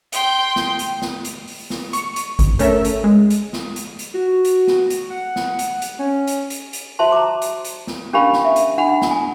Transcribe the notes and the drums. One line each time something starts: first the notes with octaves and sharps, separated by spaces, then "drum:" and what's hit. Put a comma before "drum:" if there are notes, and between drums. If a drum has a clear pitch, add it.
G5 C6, drum: hi-hat
drum: snare
drum: hi-hat
drum: snare
drum: hi-hat
drum: open hi-hat
drum: snare
C#6, drum: hi-hat
drum: hi-hat
drum: kick G#1, hi-hat
A3 C#4 A4 A#4 E5, drum: hi-hat
drum: hi-hat
G#3
drum: hi-hat
drum: snare
drum: hi-hat
drum: hi-hat
F#4
drum: hi-hat
drum: snare
drum: hi-hat
F#5
drum: snare
drum: hi-hat
drum: hi-hat
C#4
drum: hi-hat
drum: hi-hat
drum: hi-hat
F#4 C5 E5 A5 C6
A#5 D6
drum: hi-hat
drum: hi-hat
drum: snare
C#4 D4 G4 A#4 F5 B5
drum: snare
E5
drum: hi-hat
D4 F#5 B5
drum: snare
G#5